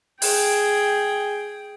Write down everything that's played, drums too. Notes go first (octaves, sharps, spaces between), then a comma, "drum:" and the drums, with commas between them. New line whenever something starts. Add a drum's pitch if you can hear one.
G#4 G5, drum: open hi-hat